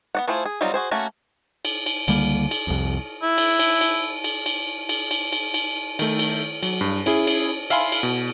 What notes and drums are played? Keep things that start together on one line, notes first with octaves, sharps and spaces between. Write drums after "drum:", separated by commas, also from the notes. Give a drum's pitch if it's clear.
B3 D5 F#5
A3 E4 F4 G#4 C5
G#4
F#3 G3 C4 D#4 F4
F#4 G#4 C5
A3 A#3 C#4 F#4
drum: cymbal
drum: cymbal
C#2 D3 G3 A#3, drum: cymbal
drum: cymbal
C2 F2
E4
drum: cymbal
drum: cymbal
drum: cymbal
drum: cymbal
drum: cymbal
drum: cymbal
drum: cymbal
drum: cymbal
drum: cymbal
D#3 A3, drum: cymbal
drum: cymbal
F#3, drum: cymbal
G2
C#4 E4 G#4, drum: cymbal
drum: cymbal
E5 F5 G#5 B5 C6, drum: cymbal
drum: cymbal
B2